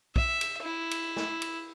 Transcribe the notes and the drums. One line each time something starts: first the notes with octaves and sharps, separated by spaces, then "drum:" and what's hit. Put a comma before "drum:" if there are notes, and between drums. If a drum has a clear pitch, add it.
E5, drum: kick
drum: cymbal
E4
drum: cymbal
drum: snare
drum: cymbal